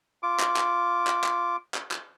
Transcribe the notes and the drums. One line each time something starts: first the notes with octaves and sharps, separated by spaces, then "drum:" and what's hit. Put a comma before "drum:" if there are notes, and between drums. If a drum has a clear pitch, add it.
F4 D6
drum: clap
drum: clap
drum: clap
drum: clap
drum: clap
drum: clap